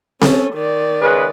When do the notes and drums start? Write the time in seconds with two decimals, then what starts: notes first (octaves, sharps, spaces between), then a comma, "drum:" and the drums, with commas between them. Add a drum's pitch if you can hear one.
0.21 C#4 A4, drum: snare C4
0.54 D#3 D5
1.00 C#3 G#3 B4